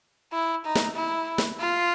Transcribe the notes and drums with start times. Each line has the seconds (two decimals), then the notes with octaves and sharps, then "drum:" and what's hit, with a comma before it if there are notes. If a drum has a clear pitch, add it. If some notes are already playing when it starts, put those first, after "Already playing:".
0.33 E4
0.65 D#4
0.75 drum: snare
0.96 E4
1.38 drum: snare
1.60 F4